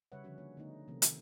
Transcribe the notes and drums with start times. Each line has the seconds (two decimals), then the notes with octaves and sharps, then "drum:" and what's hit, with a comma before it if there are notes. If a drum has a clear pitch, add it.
0.12 C#3 G3 B4 C#5 E5 F#5
0.24 D3 F3 C#4 F#4
0.38 A#3 C#5
0.57 D3 A3 B3 D#4
0.88 C3 D#3 F3 A3 C4
1.02 D#3, drum: hi-hat